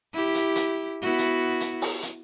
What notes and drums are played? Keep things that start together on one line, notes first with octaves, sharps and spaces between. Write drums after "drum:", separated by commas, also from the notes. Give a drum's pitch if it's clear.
E4 G4
drum: hi-hat
drum: hi-hat
B3 E4 F#4
drum: hi-hat
drum: hi-hat
drum: open hi-hat
drum: hi-hat